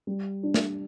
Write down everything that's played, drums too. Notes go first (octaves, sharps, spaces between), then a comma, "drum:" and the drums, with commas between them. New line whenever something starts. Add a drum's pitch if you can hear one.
G3
D4
drum: snare